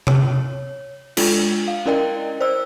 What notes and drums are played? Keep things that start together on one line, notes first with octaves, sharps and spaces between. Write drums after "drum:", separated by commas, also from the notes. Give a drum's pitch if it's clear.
C#5, drum: tom C3
G#3 D4 F4 A4, drum: cymbal
F5
C#4 E4 A#4 D5 D#5 G5
C5 D5 E6